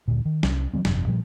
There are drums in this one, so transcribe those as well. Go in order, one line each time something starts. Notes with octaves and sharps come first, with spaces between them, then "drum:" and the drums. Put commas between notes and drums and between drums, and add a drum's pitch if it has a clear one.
D2 A#2
D#3
C2 C#4, drum: snare
E3 F#3 G#3 C4
G1 F2 C3, drum: snare
A#2 F3 G3